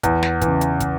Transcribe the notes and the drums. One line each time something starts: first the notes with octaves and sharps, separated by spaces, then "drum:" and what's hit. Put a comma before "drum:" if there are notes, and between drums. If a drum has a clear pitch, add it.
E2, drum: kick, hi-hat
drum: snare
C#3 E3, drum: kick, hi-hat
drum: hi-hat
drum: kick, hi-hat